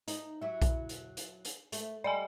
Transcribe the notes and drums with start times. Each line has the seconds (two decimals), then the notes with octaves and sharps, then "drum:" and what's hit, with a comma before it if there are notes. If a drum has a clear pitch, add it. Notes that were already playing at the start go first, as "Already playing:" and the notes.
0.08 D#4, drum: hi-hat
0.42 F#3 E4
0.62 drum: kick B1, hi-hat
0.89 drum: hi-hat
1.17 drum: hi-hat
1.45 drum: hi-hat
1.72 A3, drum: hi-hat
2.04 G3 D5 D#5 G#5